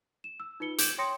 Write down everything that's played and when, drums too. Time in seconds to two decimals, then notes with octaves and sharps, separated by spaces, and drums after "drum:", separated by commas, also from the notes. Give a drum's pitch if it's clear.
0.24 E7
0.40 E6
0.60 D#4 F4 B4 C#7 G7
0.78 D6 G6 G#6 D7 E7 F#7, drum: hi-hat
0.98 C#5 G5 C6 D#6 A#6 C#7